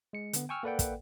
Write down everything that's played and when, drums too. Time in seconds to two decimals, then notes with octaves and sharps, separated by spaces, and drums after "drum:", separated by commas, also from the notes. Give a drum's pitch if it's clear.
0.13 G#3 C#7
0.33 D3 B3, drum: hi-hat
0.49 G5 G#5 C#6 E6 F6
0.63 A#3 A4 B4 D5 F#5 G5
0.79 drum: kick, hi-hat